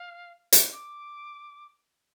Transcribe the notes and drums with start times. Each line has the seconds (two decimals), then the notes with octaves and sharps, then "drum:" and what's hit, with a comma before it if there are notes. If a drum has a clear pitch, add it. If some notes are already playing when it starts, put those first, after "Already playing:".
Already playing: F5
0.53 drum: hi-hat
0.73 D6